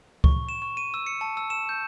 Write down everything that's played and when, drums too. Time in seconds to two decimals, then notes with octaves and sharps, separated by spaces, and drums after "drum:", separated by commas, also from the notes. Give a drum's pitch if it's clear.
0.24 C#6, drum: kick C#2
0.49 E7
0.62 C#6
0.77 D#7
0.94 E6
1.07 C#7
1.21 A5
1.37 E6
1.50 E7
1.69 G6